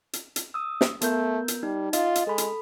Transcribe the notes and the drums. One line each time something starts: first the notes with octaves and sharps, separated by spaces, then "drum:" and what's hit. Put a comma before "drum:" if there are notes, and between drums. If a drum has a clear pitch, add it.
drum: hi-hat
drum: hi-hat
D#6 E6
drum: snare
A3 B3 A#4 G6, drum: hi-hat
drum: hi-hat
G3 D#4
F4 D#5, drum: hi-hat
drum: hi-hat
G#3 A4 B5
drum: hi-hat